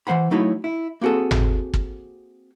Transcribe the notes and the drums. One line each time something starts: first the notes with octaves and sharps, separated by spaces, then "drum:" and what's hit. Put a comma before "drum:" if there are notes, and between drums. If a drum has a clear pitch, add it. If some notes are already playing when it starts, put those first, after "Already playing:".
E3 G#3 C5 F#5 B5
F#3 A3 D#4 E4 C#5 B5
E4
A#3 C4 F#4 G#4 A4
drum: tom G#1
drum: kick